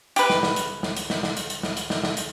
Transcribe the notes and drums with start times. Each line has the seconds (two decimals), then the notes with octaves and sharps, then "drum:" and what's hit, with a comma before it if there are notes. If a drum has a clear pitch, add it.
0.16 G4 B4, drum: hi-hat
0.30 drum: snare
0.43 drum: snare
0.56 drum: hi-hat
0.83 drum: snare
0.97 drum: hi-hat
1.10 drum: snare
1.23 drum: snare
1.37 drum: hi-hat
1.50 drum: hi-hat
1.63 drum: snare
1.77 drum: hi-hat
1.90 drum: snare
2.04 drum: snare
2.17 drum: hi-hat